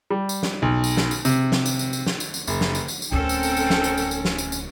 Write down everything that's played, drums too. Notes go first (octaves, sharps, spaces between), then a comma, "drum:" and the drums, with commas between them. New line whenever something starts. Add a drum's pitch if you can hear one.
G3
drum: tambourine
drum: snare
B1
drum: tambourine
drum: snare
drum: tambourine
C3, drum: tambourine
drum: snare
drum: tambourine
drum: tambourine
drum: tambourine
drum: snare
drum: tambourine
drum: tambourine
F#1, drum: tambourine
drum: snare
drum: tambourine
drum: tambourine
drum: tambourine
D1 D2 C4 C#4 A4 A#4 G5
drum: tambourine
drum: tambourine
drum: tambourine
drum: snare
drum: tambourine
drum: tambourine
drum: tambourine
drum: snare
drum: tambourine
drum: tambourine